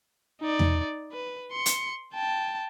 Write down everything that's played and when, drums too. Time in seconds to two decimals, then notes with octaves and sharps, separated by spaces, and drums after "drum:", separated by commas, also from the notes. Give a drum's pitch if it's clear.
0.41 D#4 D5
0.59 drum: tom E2
1.12 B4
1.52 C6 C#7
1.66 drum: hi-hat
2.14 G5 A5